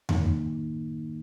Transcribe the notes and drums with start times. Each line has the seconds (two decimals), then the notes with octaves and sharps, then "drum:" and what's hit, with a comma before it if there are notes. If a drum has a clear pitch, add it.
0.09 D#3 A#3 D#4, drum: tom E2